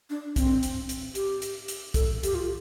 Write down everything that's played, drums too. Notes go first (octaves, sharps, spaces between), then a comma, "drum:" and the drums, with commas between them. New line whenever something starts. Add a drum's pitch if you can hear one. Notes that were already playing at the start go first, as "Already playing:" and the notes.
D4
C4, drum: kick, hi-hat
drum: hi-hat
drum: hi-hat
G4, drum: hi-hat
drum: hi-hat
drum: hi-hat
A4, drum: kick, hi-hat
G4, drum: hi-hat
F4